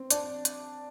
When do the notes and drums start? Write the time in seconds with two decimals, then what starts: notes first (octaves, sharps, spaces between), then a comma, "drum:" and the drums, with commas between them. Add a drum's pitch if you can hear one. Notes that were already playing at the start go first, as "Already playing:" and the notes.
Already playing: C4
0.11 D4, drum: hi-hat
0.45 drum: hi-hat